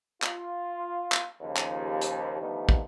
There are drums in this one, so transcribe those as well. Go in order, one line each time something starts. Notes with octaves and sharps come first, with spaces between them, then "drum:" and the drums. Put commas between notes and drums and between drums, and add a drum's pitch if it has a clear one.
F4, drum: clap
drum: clap
D#2 C#3 F3
drum: clap
drum: hi-hat
D3 D#3 F3 G3 A3 B3
drum: kick